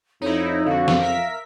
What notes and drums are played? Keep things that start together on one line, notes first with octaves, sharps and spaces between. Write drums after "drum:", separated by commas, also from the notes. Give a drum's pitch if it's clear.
F2 D#4 E4 C#5
F2 D3 F#4 F5
drum: snare
A#4 E5 B6